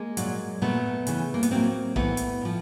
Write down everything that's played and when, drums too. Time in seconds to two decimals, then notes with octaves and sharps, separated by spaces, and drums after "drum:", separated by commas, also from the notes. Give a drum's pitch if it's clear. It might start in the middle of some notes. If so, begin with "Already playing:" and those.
Already playing: G#3 A#3
0.17 A#2 F#3, drum: hi-hat
0.62 A#2 F#3 A3 B3
1.07 C#3 E3, drum: hi-hat
1.34 A#3
1.43 B3, drum: hi-hat
1.51 A2 F#3 A#3 C4
1.96 A2 E3 A3 B3, drum: kick
2.17 drum: hi-hat
2.41 A2 F3